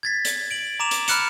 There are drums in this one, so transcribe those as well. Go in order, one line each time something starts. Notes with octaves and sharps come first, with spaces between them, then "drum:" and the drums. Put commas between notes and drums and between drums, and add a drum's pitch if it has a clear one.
G#6 A6 B6
drum: hi-hat
D7 F#7
A#5 D6 E7 F7
drum: hi-hat
B5 F6 F#6 C#7 E7, drum: hi-hat